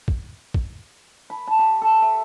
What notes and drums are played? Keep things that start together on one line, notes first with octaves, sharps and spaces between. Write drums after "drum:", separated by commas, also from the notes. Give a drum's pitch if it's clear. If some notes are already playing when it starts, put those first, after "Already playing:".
drum: kick
drum: kick
B5
A5
G4
A4
E5